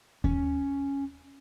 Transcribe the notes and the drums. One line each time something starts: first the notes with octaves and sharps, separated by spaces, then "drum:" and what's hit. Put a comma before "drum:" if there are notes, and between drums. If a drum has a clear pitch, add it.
C#4, drum: kick D#2